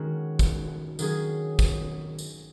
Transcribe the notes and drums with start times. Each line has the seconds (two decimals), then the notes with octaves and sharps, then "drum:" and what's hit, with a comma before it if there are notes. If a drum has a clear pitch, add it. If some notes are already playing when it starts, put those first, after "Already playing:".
Already playing: D#3 G#3 C#4 F#4
0.39 drum: kick, tambourine
0.99 D#3 F#3 C#4 G#4, drum: tambourine
1.59 drum: kick, tambourine
2.19 drum: tambourine